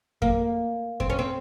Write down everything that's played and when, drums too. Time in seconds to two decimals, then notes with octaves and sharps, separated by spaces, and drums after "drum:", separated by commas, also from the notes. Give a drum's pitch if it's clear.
0.22 A#3, drum: kick F2
1.00 C4, drum: kick F2
1.10 C#4
1.19 C4